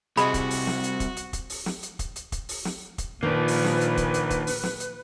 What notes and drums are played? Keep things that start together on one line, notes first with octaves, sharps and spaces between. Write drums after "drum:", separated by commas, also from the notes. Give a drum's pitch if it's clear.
C2 C3 F#4 G#4 D#5 A5 B5, drum: hi-hat
drum: kick, hi-hat
drum: open hi-hat
drum: snare
drum: hi-hat
drum: kick, hi-hat
drum: hi-hat
drum: kick, hi-hat
drum: open hi-hat
drum: snare
drum: hi-hat
drum: kick, hi-hat
drum: hi-hat
drum: kick, hi-hat
drum: open hi-hat
drum: snare
drum: kick, hi-hat
A#2 D#3 F3 A#3 D4 B4
drum: open hi-hat
drum: snare
drum: hi-hat
drum: kick, hi-hat
drum: hi-hat
drum: kick, hi-hat
drum: open hi-hat
drum: snare
drum: hi-hat